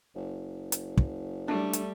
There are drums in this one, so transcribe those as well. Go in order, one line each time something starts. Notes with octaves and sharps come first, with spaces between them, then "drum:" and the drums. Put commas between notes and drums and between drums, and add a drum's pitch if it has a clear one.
F#1
drum: hi-hat
drum: kick
G3 A3 D4
drum: hi-hat